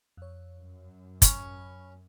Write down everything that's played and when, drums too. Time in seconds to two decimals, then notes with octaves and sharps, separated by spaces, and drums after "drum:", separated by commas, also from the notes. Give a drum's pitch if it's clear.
0.17 F2 C#5
0.60 F#2
1.22 C#4 B5 C#6, drum: kick, hi-hat